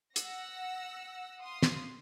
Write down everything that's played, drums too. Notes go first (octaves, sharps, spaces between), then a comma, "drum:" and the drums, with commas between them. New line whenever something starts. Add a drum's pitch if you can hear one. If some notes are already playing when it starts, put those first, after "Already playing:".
F#5 E6 A#6, drum: hi-hat
F5 C6 D#6
drum: snare